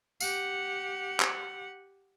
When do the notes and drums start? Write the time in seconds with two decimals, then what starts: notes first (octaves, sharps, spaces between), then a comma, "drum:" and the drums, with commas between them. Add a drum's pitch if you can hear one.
0.20 G4 F#5, drum: tambourine
1.20 drum: clap